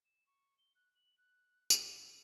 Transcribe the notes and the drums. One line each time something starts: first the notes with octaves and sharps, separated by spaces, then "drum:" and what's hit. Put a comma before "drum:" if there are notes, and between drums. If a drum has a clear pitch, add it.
E7
C#6
G7
F#6
F#7
F#6
B5, drum: tambourine
D6
E6